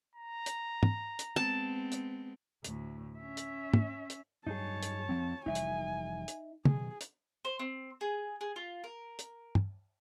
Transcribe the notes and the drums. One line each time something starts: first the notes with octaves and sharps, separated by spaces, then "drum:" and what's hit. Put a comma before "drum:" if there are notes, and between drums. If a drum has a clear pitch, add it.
A#5
drum: hi-hat
drum: tom
drum: hi-hat
G#3 B3 C4 A5
drum: hi-hat
D2 A2, drum: hi-hat
C#4 E5
drum: hi-hat
drum: tom
drum: hi-hat
G2 F#3 D#4 G#4 C#5 A5
drum: hi-hat
F2 F3 C4
F1 E3 G3 D#4 E5 G#5
drum: hi-hat
drum: hi-hat
B2 D#3 F#3 G#4, drum: tom
drum: hi-hat
C5
C4
G#4
G#4
F4
A#4
drum: hi-hat
drum: tom